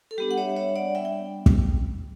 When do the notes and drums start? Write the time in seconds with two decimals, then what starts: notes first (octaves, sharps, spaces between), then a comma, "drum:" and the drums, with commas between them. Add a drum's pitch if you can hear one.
0.11 A4
0.18 G3 B3 D4 G4
0.31 F#5
0.38 C#5 E5
0.56 C#5 E5
0.76 D5 F#5
0.95 E5 G5
1.05 G5
1.46 drum: kick